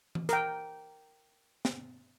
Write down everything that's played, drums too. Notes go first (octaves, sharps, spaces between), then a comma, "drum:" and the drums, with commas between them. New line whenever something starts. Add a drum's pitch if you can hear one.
drum: tom E3
A#4 G5, drum: hi-hat
drum: snare